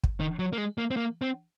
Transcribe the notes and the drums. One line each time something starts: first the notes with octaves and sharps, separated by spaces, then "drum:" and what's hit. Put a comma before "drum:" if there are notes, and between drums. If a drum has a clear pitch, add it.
drum: kick
D#3
F#3
A#3
G#3
A#3
C4
A#3
C4